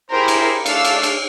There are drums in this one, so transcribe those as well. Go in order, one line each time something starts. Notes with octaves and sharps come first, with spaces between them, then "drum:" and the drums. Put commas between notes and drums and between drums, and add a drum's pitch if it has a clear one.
E4 G4 G#4 A#4 C5
drum: cymbal
A3 D4 F5 E6, drum: cymbal
drum: cymbal
drum: cymbal